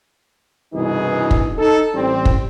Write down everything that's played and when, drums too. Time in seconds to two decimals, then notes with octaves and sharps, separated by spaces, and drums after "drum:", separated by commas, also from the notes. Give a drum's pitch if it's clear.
0.74 C2 G2 B2 E3 D#4 G#4
1.31 drum: kick
1.58 D#4 A4
1.94 A1 G3 C4
2.25 drum: kick